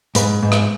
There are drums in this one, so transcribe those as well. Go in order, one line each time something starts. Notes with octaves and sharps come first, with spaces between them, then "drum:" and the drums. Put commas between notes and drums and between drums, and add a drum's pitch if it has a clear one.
G#2 B4, drum: hi-hat
G#2
drum: rim click